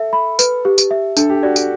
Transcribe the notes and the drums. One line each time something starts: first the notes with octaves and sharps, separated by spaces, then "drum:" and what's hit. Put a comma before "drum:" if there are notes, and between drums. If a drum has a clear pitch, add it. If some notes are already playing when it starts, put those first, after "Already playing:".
Already playing: A4 E5
B5
B4, drum: tambourine
G4
drum: tambourine
E5
D4 A4, drum: tambourine
G4
F#4 D5
G4, drum: tambourine